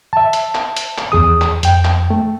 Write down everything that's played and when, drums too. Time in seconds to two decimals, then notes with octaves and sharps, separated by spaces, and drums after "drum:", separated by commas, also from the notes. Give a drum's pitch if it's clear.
0.13 E5 A5
0.33 drum: hi-hat
0.55 drum: clap
0.77 drum: hi-hat
0.98 drum: clap
1.12 E2 G#4 D#6
1.41 drum: clap
1.63 F2 G5, drum: hi-hat
1.85 drum: clap
2.10 A3